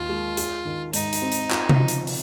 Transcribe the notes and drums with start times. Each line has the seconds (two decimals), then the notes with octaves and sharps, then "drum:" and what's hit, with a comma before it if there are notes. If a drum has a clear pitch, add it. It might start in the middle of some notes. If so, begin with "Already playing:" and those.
Already playing: D#2 D#3 F4
0.09 G#3
0.37 G#4, drum: hi-hat
0.65 D#3
0.93 G#2 D#4, drum: hi-hat
1.13 drum: hi-hat
1.22 C4
1.32 drum: hi-hat
1.51 F4, drum: clap
1.69 drum: tom C3
1.79 F3
1.88 drum: hi-hat
2.07 drum: open hi-hat